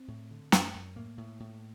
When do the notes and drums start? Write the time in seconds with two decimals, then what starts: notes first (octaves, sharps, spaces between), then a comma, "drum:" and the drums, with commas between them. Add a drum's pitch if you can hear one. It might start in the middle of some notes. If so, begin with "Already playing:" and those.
Already playing: C4
0.08 A2
0.31 D3
0.52 F#2, drum: snare
0.74 F#2
0.96 A2 A#3
1.18 A2
1.40 A2